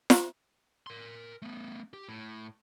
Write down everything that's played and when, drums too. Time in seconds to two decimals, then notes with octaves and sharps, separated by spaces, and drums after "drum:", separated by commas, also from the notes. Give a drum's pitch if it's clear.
0.10 drum: snare
0.87 A#4 C6
1.42 A3 B3
1.93 G4
2.09 A2